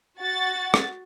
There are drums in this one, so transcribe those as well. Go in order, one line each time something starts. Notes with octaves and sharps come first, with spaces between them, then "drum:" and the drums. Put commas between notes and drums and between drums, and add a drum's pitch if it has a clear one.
F#4 A6
drum: rim click